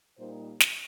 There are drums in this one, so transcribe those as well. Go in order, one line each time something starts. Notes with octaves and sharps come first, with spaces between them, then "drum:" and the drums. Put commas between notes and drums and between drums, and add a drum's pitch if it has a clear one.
A#2 G3 A#3 D#4 C5
drum: snare